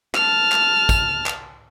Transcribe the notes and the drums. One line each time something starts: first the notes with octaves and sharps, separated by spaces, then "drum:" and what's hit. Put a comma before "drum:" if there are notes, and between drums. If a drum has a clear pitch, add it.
A5 F6, drum: clap
drum: clap
drum: kick, tambourine
drum: clap